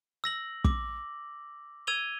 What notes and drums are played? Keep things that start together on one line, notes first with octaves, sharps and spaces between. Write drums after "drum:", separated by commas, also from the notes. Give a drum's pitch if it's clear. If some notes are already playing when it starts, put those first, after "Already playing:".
E6 A#6 F#7
D6, drum: kick
E6 G#6 D#7 F7 G7